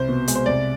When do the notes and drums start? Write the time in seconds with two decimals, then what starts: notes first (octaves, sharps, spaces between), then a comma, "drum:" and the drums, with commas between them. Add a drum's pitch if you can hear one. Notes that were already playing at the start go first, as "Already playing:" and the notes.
Already playing: C2 C5
0.08 B2
0.28 G#3, drum: hi-hat
0.35 C5
0.46 C2 D5